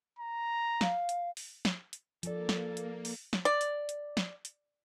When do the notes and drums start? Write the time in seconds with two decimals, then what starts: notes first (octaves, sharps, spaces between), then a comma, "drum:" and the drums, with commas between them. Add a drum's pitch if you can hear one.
0.19 A#5
0.81 F5, drum: snare
1.09 drum: hi-hat
1.37 drum: open hi-hat
1.65 drum: snare
1.93 drum: hi-hat
2.23 F3 A#3 A4 D5, drum: hi-hat
2.49 drum: snare
2.77 drum: hi-hat
3.05 drum: open hi-hat
3.33 drum: snare
3.45 D5
3.61 drum: hi-hat
3.89 drum: hi-hat
4.17 drum: snare
4.45 drum: hi-hat